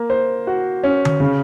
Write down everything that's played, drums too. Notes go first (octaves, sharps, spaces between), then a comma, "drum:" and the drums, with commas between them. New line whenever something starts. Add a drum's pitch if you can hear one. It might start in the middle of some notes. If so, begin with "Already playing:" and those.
Already playing: A#3
C5
F#4
C#4
drum: tom D3
C#3